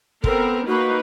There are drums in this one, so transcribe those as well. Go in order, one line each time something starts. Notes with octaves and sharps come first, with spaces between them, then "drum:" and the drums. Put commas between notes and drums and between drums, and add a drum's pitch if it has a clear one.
B3 C4 A4 A#4, drum: kick
A#3 D#4 F#4 B4